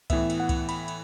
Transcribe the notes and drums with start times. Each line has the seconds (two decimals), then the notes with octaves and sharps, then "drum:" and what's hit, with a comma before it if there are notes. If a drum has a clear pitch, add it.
0.10 A2 E3 B3 E5, drum: kick C#2, cymbal
0.30 drum: cymbal
0.40 F#5
0.49 drum: kick C#2, cymbal
0.69 B5, drum: cymbal
0.88 drum: cymbal